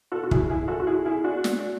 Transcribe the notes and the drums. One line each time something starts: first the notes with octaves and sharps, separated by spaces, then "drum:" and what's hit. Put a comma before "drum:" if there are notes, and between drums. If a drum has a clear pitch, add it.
F#4 A4
F#4
E4 G#4, drum: kick
E4 G#4
F#4 A4
F#4
E4 G#4
E4 G#4
D4 F#4
drum: snare